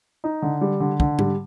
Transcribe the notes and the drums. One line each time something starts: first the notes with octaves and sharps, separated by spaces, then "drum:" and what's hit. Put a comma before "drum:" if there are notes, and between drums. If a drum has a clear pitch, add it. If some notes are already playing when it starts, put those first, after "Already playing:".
D#4
D3
G3
D3
D3, drum: kick
G3, drum: tom G#2